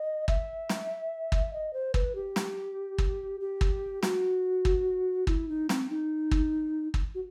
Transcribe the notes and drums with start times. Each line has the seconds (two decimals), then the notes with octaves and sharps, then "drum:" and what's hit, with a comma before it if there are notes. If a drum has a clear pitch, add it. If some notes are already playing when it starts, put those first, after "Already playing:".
Already playing: D#5
0.28 E5, drum: kick
0.69 drum: snare
1.32 drum: kick
1.53 D#5
1.73 C5
1.94 B4, drum: kick
2.15 G4
2.36 drum: snare
2.98 drum: kick
3.40 G4
3.61 drum: kick
4.03 F#4, drum: snare
4.65 drum: kick
5.27 E4, drum: kick
5.49 D#4
5.69 C4, drum: snare
5.90 D#4
6.31 drum: kick
6.94 drum: kick
7.15 F#4